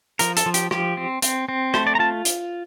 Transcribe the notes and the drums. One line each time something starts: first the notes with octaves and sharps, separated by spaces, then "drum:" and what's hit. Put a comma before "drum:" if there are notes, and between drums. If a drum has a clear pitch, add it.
F3 A#4, drum: hi-hat
A4, drum: hi-hat
F3
G4, drum: hi-hat
F3 G4, drum: rim click
C4
C4, drum: hi-hat
C4
A3 C5, drum: rim click
D5
A#5
F4 A5
drum: hi-hat